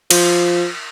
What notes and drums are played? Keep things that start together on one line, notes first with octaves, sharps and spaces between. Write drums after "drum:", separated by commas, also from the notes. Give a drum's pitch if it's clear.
F3, drum: cymbal